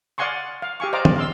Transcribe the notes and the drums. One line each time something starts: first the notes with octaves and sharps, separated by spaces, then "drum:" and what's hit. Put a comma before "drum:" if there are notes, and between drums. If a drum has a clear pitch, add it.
D5 F5 F#5 G#5 C6 C#6
F5
G4 F5 G#5 C#6
C5 D5 D#5 F5 A#5 D6
drum: tom
F5 C6 E6